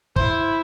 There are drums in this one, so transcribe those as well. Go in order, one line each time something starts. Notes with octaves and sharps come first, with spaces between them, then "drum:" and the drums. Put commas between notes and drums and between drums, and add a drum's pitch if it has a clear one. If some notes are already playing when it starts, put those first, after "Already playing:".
E4 C5, drum: kick